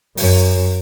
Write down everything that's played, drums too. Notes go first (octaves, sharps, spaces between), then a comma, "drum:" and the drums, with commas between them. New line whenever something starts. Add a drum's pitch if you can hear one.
F#2, drum: open hi-hat